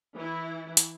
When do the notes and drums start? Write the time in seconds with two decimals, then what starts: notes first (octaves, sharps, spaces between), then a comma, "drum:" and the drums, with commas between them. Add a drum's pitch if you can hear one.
0.15 E3 E4
0.77 drum: hi-hat